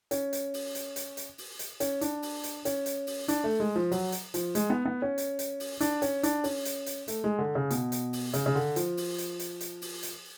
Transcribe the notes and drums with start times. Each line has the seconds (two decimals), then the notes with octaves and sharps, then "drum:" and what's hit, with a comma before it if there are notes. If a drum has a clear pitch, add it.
0.11 C#4, drum: hi-hat
0.33 drum: hi-hat
0.54 drum: open hi-hat
0.75 drum: hi-hat
0.96 drum: hi-hat
1.17 drum: hi-hat
1.38 drum: open hi-hat
1.59 drum: hi-hat
1.80 C#4, drum: hi-hat
2.01 D4, drum: hi-hat
2.22 drum: open hi-hat
2.44 drum: hi-hat
2.65 C#4, drum: hi-hat
2.86 drum: hi-hat
3.07 drum: open hi-hat
3.28 D4, drum: hi-hat
3.44 A3
3.60 G#3
3.75 F3
3.91 F#3, drum: open hi-hat
4.12 drum: hi-hat
4.34 F3, drum: hi-hat
4.55 G#3, drum: hi-hat
4.70 B3
4.85 B3
5.02 C#4
5.18 drum: hi-hat
5.39 drum: hi-hat
5.60 drum: open hi-hat
5.80 D4, drum: hi-hat
6.02 C#4, drum: hi-hat
6.23 D4, drum: hi-hat
6.44 C#4, drum: open hi-hat
6.65 drum: hi-hat
6.86 drum: hi-hat
7.08 A3, drum: hi-hat
7.24 G#3
7.38 D3
7.55 C#3
7.70 B2, drum: hi-hat
7.92 drum: hi-hat
8.13 drum: open hi-hat
8.34 C#3, drum: hi-hat
8.46 C#3
8.55 D3
8.76 F3, drum: hi-hat
8.97 drum: open hi-hat
9.18 drum: hi-hat
9.39 drum: hi-hat
9.61 drum: hi-hat
9.82 drum: open hi-hat
10.03 drum: hi-hat